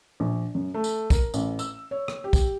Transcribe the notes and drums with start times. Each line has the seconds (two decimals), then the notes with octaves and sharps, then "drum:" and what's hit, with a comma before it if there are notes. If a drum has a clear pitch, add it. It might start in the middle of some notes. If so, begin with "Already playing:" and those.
0.20 A#1
0.55 F#2
0.74 A3
0.84 drum: tambourine
1.10 A#4, drum: kick, tambourine
1.34 A1, drum: tambourine
1.59 E6, drum: tambourine
1.91 C#5
2.08 drum: rim click
2.24 G4
2.33 drum: kick, tambourine